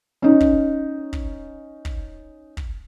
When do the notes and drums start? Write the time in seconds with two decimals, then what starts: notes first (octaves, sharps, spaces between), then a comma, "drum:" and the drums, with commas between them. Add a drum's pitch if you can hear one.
0.22 C#4 D#4
0.40 drum: kick
1.13 drum: kick
1.85 drum: kick
2.57 drum: kick